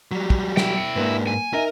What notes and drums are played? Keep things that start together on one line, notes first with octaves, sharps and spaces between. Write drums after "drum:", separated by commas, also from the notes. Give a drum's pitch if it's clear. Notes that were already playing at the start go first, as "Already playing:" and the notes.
F#3 G3
drum: kick
E4 G5, drum: snare
C#7
G#2 A#3 D4 B4
G#5
D#4 A#4 E5 D#7